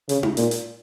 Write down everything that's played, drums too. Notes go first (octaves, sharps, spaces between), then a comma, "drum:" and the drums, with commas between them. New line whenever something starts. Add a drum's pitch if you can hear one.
C#3, drum: hi-hat
drum: tom D#4
A#2, drum: hi-hat
drum: hi-hat